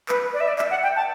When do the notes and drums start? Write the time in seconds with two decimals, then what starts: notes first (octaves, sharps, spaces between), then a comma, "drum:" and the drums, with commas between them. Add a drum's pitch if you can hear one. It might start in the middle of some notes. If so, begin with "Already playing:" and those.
0.09 B4, drum: clap
0.34 D5
0.41 E5
0.48 D5
0.59 E5, drum: clap
0.71 F#5
0.83 G5
0.96 A5